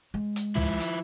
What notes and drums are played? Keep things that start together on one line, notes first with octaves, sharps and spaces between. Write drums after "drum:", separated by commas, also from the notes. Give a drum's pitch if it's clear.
G#3
drum: hi-hat
F3 E4, drum: tom
drum: hi-hat